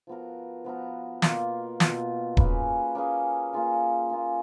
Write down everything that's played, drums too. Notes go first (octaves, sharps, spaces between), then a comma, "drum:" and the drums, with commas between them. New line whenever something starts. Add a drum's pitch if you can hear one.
F3 B3 F#4 A#4
F3 B3 F#4 A#4
B2 A#3 F4, drum: snare
B2 A#3 F4, drum: snare
A#3 C#4 G#4 B4, drum: kick D#1
A#3 C#4 G#4 B4
A#3 F4 G#4
A#3 F4 G#4